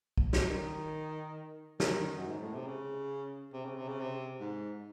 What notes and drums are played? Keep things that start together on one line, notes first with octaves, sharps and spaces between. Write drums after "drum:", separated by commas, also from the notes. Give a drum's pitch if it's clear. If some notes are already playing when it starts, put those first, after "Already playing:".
drum: kick
drum: snare
D#3
D#3, drum: snare
F#2
G#2
A2
C3
C#3
C3
C#3
C3
C#3
C3
G#2